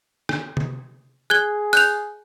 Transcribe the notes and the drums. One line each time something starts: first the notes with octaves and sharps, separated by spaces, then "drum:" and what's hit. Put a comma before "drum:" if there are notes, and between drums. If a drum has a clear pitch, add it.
drum: rim click
drum: tom C3
G#4 F#6 G#6 G7
F#6 G6 F7, drum: open hi-hat